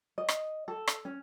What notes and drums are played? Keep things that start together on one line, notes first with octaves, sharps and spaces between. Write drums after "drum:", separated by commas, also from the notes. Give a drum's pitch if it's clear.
D#5
drum: rim click
A4
drum: rim click
C#4